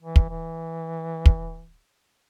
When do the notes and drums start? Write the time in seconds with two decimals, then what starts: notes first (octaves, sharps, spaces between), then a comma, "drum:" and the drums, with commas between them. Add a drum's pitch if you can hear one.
0.02 E3
0.16 drum: kick
0.30 E3
1.26 drum: kick